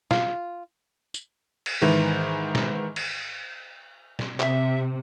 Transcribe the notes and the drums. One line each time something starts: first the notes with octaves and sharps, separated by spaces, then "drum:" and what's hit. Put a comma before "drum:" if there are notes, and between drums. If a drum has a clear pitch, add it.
F4, drum: snare
drum: tambourine
drum: cymbal
G#2 D#3 E3
drum: snare
drum: cymbal
drum: snare
C3 E5, drum: clap